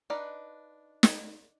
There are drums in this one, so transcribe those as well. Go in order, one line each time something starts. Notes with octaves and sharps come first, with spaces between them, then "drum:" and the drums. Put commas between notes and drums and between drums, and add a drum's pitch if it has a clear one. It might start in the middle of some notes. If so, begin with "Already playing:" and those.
D4 D#4 B4 D5 F5
drum: snare